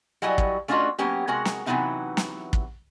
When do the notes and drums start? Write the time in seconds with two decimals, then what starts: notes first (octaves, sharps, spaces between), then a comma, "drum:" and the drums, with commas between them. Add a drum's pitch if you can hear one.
0.22 F#3 G3 E4 F#4 D#5 G#5
0.38 drum: kick
0.68 A3 C#4 D4 F4 F#4 D#5
0.99 F#3 A#3 B3 C#4 G4
1.27 C3 G#3 F#4 A#4
1.45 drum: snare
1.66 C3 E3 F#3 B3 D#4 E4
2.17 drum: snare
2.53 drum: kick